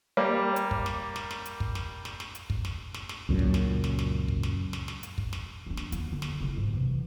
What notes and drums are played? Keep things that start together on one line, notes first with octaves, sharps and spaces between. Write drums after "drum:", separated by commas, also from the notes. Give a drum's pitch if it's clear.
G3 A#3
drum: hi-hat
drum: kick
drum: snare
drum: snare
drum: snare
drum: hi-hat
drum: kick
drum: snare
drum: snare
drum: snare
drum: hi-hat
drum: kick
drum: snare
drum: snare
drum: snare
C#2 F#2 A#2
drum: kick
drum: snare
drum: snare
drum: snare
drum: kick
drum: snare
drum: snare
drum: snare
drum: hi-hat
drum: kick
drum: snare
D#3 D4
drum: snare
D#2, drum: hi-hat
D3 D#4
drum: snare
C#3 E4
G#2
C3 E3